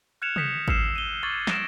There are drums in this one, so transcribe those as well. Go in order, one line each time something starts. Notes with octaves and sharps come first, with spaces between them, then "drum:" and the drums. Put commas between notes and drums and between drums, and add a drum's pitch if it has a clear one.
F6 F#6 G#6 C#7 E7 F7
D#6 G6 A#6 B6 C#7 E7, drum: tom C3
E6 F6 C7 E7, drum: kick G#1
D#7 G7
C#6 D6 G#6 A6 D#7 F#7
A#6 D7 E7, drum: snare